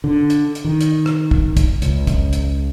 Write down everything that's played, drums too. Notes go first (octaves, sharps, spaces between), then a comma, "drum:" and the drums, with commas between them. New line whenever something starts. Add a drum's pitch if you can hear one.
D3
drum: hi-hat
drum: hi-hat
D#3
drum: hi-hat
drum: rim click
drum: kick
drum: kick, hi-hat
C#2, drum: hi-hat
drum: kick, hi-hat
drum: hi-hat